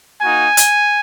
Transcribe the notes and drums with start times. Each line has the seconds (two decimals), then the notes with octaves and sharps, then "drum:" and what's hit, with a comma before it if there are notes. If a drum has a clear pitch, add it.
0.22 A#3 D#4 F#4 G#5
0.57 drum: hi-hat